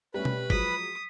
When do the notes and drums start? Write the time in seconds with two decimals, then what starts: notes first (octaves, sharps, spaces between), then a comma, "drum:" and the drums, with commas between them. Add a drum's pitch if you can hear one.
0.14 G3 A3 C#4 B4 B5
0.25 drum: tom B2
0.50 F3 F#3 G#3 D#6 B6, drum: kick